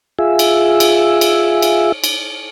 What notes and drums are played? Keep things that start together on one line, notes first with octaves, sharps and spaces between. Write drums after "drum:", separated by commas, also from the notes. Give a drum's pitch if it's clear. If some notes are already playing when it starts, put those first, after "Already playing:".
F4 G#4 E5
drum: cymbal
drum: cymbal
drum: cymbal
drum: cymbal
drum: cymbal